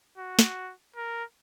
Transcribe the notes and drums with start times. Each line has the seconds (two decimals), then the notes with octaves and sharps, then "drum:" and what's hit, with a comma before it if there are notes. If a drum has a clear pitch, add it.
0.18 F#4
0.39 drum: snare
0.97 A#4